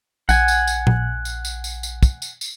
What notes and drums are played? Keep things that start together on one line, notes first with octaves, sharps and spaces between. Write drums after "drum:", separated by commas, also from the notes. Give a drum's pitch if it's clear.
A#1 F#5 G#5, drum: tambourine
drum: tambourine
drum: tambourine
drum: tom A#2
drum: tambourine
drum: tambourine
drum: tambourine
drum: tambourine
drum: kick, tambourine
drum: tambourine
drum: tambourine